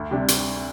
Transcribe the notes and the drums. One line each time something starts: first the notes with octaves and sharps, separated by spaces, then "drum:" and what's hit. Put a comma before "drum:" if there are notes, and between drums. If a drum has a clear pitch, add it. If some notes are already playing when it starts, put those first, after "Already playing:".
Already playing: D2
C3 G3 D4
drum: hi-hat